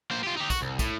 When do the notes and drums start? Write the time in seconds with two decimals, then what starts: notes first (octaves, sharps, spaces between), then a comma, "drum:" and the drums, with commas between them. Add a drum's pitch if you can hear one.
0.11 A#3 C5
0.23 F4 G4
0.37 D#4 G4
0.50 F#4, drum: kick, tambourine
0.62 C2
0.79 A2, drum: kick, tambourine